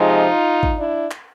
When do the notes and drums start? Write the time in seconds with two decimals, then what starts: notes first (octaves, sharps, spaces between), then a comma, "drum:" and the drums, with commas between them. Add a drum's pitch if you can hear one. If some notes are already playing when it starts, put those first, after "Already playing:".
Already playing: C3 F3 G#3 D#4 F4
0.63 drum: kick
0.79 D4 E4
1.11 drum: clap